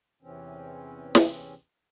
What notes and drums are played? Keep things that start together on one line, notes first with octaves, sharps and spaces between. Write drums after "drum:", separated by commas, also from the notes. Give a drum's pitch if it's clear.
E2 C3 E3 C4 C#4
drum: snare